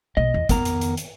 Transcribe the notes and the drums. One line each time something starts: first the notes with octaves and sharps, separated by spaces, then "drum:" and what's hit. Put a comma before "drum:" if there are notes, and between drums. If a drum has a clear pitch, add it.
B1 A#3 D#5
E2
F2 D#3 B3 A#4 A#5, drum: kick, hi-hat
drum: hi-hat
drum: hi-hat
drum: hi-hat